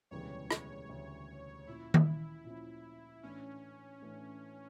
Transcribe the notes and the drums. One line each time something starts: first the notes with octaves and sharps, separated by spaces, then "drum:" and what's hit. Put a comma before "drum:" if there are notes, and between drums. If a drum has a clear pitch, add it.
E1 D2 C#3 E3 G3 C#5
C#5, drum: rim click
E1 D2 C#3 E3 G3
A#2 F3 C#4 E4
drum: tom D#3
A#2 F3 C#4
A2 E3 A3 C#4 D4
A2 E3 A3 D4